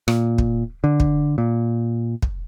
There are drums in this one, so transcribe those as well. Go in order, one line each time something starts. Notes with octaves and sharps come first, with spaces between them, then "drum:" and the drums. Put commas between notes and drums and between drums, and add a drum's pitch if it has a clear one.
A#2, drum: rim click
drum: kick
D3
drum: kick
A#2
drum: kick